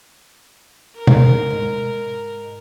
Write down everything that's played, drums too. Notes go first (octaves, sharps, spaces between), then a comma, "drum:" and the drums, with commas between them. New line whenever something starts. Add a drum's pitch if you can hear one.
A#4
drum: tom B2
G#2